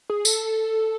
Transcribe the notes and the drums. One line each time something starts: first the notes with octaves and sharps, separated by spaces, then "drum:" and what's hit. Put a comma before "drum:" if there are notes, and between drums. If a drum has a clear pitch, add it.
G#4
A4, drum: tambourine